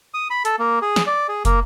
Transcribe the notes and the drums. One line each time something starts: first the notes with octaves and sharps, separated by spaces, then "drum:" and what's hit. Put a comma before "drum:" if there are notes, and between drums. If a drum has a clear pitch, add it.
D#6
B5
A4, drum: hi-hat
A#3
G#4
drum: snare
D5
G#4
A#3, drum: kick, hi-hat